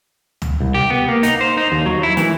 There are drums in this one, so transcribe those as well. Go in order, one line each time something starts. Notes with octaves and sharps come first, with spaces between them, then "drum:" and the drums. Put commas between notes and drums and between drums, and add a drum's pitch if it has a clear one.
drum: tom
C2
G4
B3
A#3
D#4, drum: hi-hat
C5
D#4
D#2
F#3
E4
E3, drum: snare